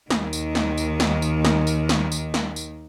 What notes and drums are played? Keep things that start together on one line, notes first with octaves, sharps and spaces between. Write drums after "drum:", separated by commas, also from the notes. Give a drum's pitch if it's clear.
D#2 D#3, drum: snare
drum: tambourine
drum: snare
drum: tambourine
drum: snare
drum: tambourine
drum: snare
drum: tambourine
drum: snare
drum: tambourine
drum: snare
drum: tambourine